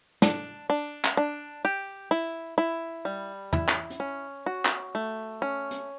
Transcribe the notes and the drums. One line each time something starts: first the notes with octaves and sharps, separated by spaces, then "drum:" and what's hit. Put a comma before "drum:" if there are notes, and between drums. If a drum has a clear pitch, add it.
D4, drum: snare
D4
drum: clap
D4
G4
E4
E4
G3
E4, drum: tom
drum: clap
drum: hi-hat
C#4
F#4
drum: clap
A3
C#4
drum: hi-hat